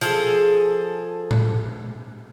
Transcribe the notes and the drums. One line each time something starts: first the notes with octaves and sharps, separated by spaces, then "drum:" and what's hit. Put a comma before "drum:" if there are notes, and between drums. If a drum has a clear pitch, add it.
F3 G#4 A4, drum: hi-hat
drum: tom A2